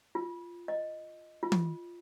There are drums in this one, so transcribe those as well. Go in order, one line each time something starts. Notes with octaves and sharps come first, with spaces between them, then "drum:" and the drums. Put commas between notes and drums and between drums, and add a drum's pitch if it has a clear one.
F4
D#5
F4
drum: tom E3